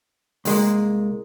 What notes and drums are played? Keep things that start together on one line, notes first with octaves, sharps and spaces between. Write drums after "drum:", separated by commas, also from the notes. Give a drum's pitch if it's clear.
C2 G#3 A#3, drum: open hi-hat